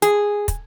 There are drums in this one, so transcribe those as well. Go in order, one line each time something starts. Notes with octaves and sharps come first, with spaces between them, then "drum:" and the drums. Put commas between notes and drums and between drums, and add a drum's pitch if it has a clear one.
G#4, drum: hi-hat
drum: kick, hi-hat